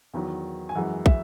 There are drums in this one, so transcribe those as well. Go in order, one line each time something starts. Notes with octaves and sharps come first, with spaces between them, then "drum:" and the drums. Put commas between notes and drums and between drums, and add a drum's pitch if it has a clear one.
E2 D#3 F#3
G#5
F#2 E3 G#3 F#5
E5, drum: kick